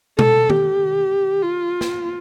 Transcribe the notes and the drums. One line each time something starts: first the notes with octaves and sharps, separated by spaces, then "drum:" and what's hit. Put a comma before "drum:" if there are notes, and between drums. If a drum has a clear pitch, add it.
A4, drum: tom B2
G4, drum: tom
F4
drum: snare